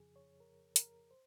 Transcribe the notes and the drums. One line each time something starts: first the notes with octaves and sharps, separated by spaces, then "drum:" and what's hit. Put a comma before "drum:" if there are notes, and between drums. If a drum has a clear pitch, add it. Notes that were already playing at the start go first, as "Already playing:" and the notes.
Already playing: F2 C#3 F3 G#4
C#5
A#4
A#4, drum: hi-hat
C5